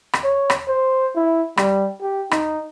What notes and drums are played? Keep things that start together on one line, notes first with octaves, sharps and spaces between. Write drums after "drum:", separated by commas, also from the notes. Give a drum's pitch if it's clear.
drum: rim click
C#5
drum: rim click
C5
E4
G3, drum: rim click
G4
D#4, drum: rim click